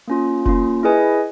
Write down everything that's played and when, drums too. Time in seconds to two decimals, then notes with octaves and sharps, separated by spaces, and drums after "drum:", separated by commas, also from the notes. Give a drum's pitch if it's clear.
0.08 A#3 C#4 F4
0.46 A#3 C#4 F4, drum: kick F1
0.83 E4 G#4 B4 D#5 G#5